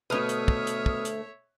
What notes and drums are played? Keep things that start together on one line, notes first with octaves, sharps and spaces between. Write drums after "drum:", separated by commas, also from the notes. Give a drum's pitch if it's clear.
D2 B2 A3 B4 C#5 E5 D#6 F6
drum: hi-hat
drum: kick
drum: hi-hat
drum: kick
drum: hi-hat